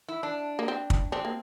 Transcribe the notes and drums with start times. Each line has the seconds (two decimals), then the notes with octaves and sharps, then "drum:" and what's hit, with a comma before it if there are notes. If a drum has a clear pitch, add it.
0.08 E4
0.23 D4
0.59 A#3
0.68 C4
0.90 drum: kick
1.12 C4 D4
1.25 A#3